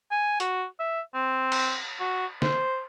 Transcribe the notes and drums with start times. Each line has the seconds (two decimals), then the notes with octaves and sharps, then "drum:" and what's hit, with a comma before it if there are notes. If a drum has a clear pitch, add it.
0.11 G#5
0.40 F#4, drum: hi-hat
0.79 E5
1.14 C4
1.52 drum: cymbal
2.00 F#4
2.42 C5, drum: snare